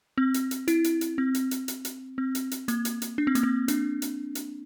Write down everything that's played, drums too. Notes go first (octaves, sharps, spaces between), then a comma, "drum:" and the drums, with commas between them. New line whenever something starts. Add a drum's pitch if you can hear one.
C4
drum: hi-hat
drum: hi-hat
E4, drum: hi-hat
drum: hi-hat
drum: hi-hat
C4
drum: hi-hat
drum: hi-hat
drum: hi-hat
drum: hi-hat
C4
drum: hi-hat
drum: hi-hat
A#3, drum: hi-hat
drum: hi-hat
drum: hi-hat
D4
C4
A#3, drum: hi-hat
C4
D4, drum: hi-hat
drum: hi-hat
drum: hi-hat